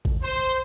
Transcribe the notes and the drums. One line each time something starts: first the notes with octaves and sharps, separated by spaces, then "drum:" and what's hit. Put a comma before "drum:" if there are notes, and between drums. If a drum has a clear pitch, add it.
drum: kick
C5